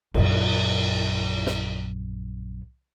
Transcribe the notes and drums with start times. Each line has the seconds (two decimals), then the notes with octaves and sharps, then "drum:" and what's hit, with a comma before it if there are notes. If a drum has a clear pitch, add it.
0.14 A#1 F#2, drum: cymbal
1.47 drum: snare